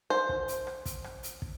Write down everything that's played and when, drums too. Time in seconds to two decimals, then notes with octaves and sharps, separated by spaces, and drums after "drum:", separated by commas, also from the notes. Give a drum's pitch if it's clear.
0.10 C5
0.29 drum: kick
0.48 drum: hi-hat
0.67 drum: rim click
0.86 drum: kick, hi-hat
1.04 drum: rim click
1.23 drum: hi-hat
1.42 drum: kick